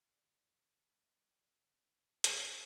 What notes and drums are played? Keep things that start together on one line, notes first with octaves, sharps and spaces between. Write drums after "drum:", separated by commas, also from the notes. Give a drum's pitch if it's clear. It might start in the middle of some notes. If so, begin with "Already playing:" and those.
Already playing: E3
F#3 D5
C#3
F#3
C#3
F#3
F#3
F#3 D#5
F#3
D5
C#3
C#3 C#5
C#3
F#3
F#3
F#3, drum: hi-hat
B2